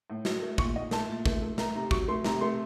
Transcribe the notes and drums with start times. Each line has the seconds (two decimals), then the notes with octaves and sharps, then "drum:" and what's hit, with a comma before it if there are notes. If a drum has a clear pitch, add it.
0.10 A2
0.25 F#3, drum: snare
0.42 A3
0.58 A#2 C#6, drum: kick
0.76 A#2 D#5
0.91 A3 A5, drum: snare
1.09 A#2
1.26 A3, drum: kick
1.42 A3
1.58 A3 A#5, drum: snare
1.75 C3 A#5
1.91 F#3 C#6, drum: kick
2.08 A3 C6
2.25 C3 A#5, drum: snare
2.41 A3 C6